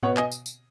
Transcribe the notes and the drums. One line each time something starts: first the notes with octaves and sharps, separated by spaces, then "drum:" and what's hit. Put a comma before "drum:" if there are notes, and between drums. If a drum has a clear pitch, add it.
B2 B3 C#5 F#5, drum: tom G#2
D#5 G#5, drum: clap
drum: tambourine
drum: tambourine